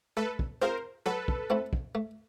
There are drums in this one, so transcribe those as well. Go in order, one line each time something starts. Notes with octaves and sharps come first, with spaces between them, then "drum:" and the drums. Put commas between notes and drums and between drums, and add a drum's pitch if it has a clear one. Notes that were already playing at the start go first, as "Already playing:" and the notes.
A3 A4 B4
drum: kick
C4 F4 G#4 A#4 C5
F#3 A4 B4
drum: kick
A3 C4 E4
drum: kick
A3